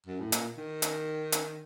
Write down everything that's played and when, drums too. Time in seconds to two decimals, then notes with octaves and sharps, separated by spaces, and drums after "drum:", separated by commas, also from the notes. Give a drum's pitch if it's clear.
0.06 F#2
0.20 A2
0.32 A#2, drum: hi-hat
0.57 D#3
0.82 drum: hi-hat
1.32 drum: hi-hat